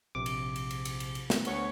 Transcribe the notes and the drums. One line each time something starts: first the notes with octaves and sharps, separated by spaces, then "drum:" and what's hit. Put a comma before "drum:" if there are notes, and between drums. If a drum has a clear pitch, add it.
A#1 C3 D6
drum: cymbal
drum: cymbal
drum: cymbal
drum: cymbal
drum: cymbal
drum: cymbal
drum: snare
D2 B3 C#5, drum: cymbal